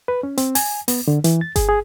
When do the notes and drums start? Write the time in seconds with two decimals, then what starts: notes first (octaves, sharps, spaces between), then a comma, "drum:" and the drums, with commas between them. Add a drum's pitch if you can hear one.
0.08 B4
0.23 C#4
0.38 C4, drum: hi-hat
0.55 G#5, drum: open hi-hat
0.88 B3, drum: open hi-hat
1.08 D3
1.24 E3, drum: hi-hat
1.41 A6
1.56 G#4, drum: kick G1, hi-hat
1.69 G#4